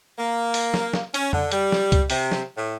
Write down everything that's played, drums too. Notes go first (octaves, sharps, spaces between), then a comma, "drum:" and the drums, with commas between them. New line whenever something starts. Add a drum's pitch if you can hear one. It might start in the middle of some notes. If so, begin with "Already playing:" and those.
A#3
drum: open hi-hat
drum: snare
drum: snare
C#4, drum: hi-hat
D3, drum: tom F2
G3, drum: hi-hat
drum: snare
drum: kick C#2, hi-hat
C3, drum: open hi-hat
drum: snare
A2